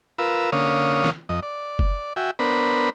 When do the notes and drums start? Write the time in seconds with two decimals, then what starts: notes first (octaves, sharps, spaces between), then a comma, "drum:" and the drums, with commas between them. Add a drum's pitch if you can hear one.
0.18 F4 A#4 B4 E6
0.52 D3 A#3 C#4 C#5 F5 D#6
1.04 drum: snare
1.29 F2 D#5
1.43 D5
1.79 drum: kick F#1
2.16 F#4 E5 G5 G#5
2.39 B3 D4 A#4 C5 B5